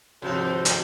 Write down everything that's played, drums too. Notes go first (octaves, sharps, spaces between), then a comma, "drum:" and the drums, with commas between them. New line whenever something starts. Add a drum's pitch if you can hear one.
G#1 C3 F3 D#4 F#4 A4 B4 C5
drum: hi-hat